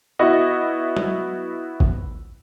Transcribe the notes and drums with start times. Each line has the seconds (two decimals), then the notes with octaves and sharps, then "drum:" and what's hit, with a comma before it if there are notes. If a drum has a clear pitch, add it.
0.19 B3 E4 F#4 D#5
0.97 drum: tom F#3
1.80 drum: kick